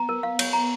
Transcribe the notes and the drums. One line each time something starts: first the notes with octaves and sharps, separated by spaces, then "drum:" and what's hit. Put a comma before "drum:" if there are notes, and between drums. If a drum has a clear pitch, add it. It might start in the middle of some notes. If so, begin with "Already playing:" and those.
Already playing: B3 A#5
A#4
F5
C#5, drum: cymbal
A#5